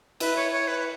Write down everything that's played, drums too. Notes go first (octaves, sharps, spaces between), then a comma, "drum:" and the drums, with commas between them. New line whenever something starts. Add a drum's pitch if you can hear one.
E4 B4, drum: cymbal
C#5
C#5
B4